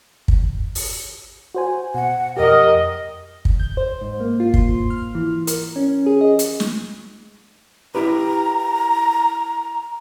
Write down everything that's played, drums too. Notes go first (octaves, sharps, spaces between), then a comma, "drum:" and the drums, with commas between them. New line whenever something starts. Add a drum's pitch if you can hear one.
drum: kick
drum: open hi-hat
F#4 C5 G#5
B2 F#5
F2 G4 A#4 D#5
drum: kick
G6
C5
G#2
A#3
F4
C6, drum: kick
F6
E3
A#4, drum: hi-hat
C#4
G#4
D#5
drum: hi-hat
drum: snare
E4 G4 B4 A#5